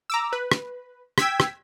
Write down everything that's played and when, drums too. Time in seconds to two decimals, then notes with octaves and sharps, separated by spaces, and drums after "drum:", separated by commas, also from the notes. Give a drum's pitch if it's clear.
0.10 A#5 D6 E6
0.33 B4
0.51 drum: rim click
1.18 G5 E6 G#6 B6, drum: rim click
1.40 drum: rim click